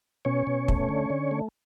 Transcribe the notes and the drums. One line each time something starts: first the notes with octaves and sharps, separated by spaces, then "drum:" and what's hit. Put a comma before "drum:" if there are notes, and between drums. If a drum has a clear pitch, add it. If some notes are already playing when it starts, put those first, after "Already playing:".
B2 C#4 C#5
B2
A3, drum: kick
D3
D3
A3